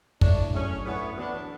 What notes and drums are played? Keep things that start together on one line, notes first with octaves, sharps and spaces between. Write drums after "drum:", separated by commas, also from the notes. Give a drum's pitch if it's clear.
A3 D4 E4 A4 C#5, drum: kick
F#3 A3 C#4 D4 G#4 C#5
A3 B3 E4 G#4 C#5
E3 B3 D4 F#4 B4